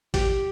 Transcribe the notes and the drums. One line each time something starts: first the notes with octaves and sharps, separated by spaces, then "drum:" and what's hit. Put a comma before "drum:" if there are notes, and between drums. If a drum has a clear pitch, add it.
G4, drum: kick A1, open hi-hat